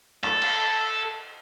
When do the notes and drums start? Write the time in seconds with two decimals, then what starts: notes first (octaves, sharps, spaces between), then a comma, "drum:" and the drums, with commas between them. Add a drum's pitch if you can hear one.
0.24 A4, drum: clap
0.42 drum: cymbal